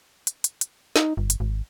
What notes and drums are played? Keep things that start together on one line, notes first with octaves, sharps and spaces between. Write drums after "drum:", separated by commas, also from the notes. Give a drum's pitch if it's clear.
drum: hi-hat
drum: hi-hat
drum: hi-hat
D#4, drum: snare
G1
drum: hi-hat
G#1